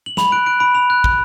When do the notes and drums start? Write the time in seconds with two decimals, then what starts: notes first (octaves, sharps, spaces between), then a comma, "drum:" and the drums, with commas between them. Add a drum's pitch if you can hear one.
0.06 F#7
0.17 B5 F7, drum: snare
0.32 F#6 D7
0.46 F#6 D7
0.60 B5 D7
0.75 B5 F7
0.90 F#6
1.04 F#6, drum: kick